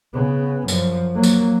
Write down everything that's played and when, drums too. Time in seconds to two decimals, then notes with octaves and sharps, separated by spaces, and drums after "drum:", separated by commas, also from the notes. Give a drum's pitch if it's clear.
0.13 C#3 B3
0.68 F#2 F3, drum: tambourine
1.14 F#3 A#3
1.23 drum: tambourine